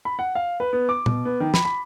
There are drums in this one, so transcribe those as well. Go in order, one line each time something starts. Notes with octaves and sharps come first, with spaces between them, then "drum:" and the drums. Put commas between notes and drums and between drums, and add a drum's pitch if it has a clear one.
B5
F#5
F5
B4
B3
D6
B2, drum: tom A#2
B3
D#3
B5, drum: snare
B5